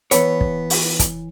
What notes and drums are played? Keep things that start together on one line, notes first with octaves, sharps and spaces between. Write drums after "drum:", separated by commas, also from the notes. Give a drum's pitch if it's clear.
E3 B3 C#5, drum: hi-hat
drum: kick
drum: open hi-hat
drum: kick, hi-hat